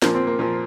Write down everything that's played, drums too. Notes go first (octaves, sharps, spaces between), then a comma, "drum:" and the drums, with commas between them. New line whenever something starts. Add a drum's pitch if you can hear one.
A#2 F3 A#3, drum: snare
C4
A#3
A#2 F3 A#3